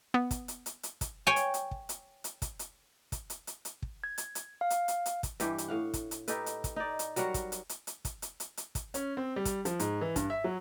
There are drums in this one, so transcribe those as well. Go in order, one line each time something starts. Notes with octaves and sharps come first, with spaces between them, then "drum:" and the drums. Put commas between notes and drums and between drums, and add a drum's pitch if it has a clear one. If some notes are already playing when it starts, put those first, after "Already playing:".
B3
drum: kick, hi-hat
drum: hi-hat
drum: hi-hat
drum: hi-hat
drum: kick, hi-hat
C#5 G5 G#5
drum: hi-hat
drum: hi-hat
drum: kick
drum: hi-hat
drum: hi-hat
drum: kick, hi-hat
drum: hi-hat
drum: kick, hi-hat
drum: hi-hat
drum: hi-hat
drum: hi-hat
drum: kick
G#6
drum: hi-hat
drum: hi-hat
F5
drum: hi-hat
drum: hi-hat
drum: hi-hat
drum: kick, hi-hat
G2 E3 G4, drum: hi-hat
drum: hi-hat
A2 F5 F#5
drum: kick, hi-hat
drum: hi-hat
D#4 G4 A4 B4, drum: hi-hat
drum: hi-hat
drum: kick, hi-hat
D#4 D5
drum: hi-hat
F#3 G3 A#4 F#5, drum: hi-hat
drum: kick, hi-hat
drum: hi-hat
drum: hi-hat
drum: hi-hat
drum: kick, hi-hat
drum: hi-hat
drum: hi-hat
drum: hi-hat
drum: kick, hi-hat
C#4, drum: hi-hat
C4
G3
drum: kick, hi-hat
F3, drum: hi-hat
G#2, drum: hi-hat
E3
G2, drum: kick, hi-hat
E5
F#3